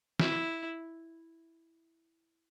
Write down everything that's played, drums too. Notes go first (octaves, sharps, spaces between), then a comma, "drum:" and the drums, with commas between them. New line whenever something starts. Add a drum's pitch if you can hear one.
E4, drum: snare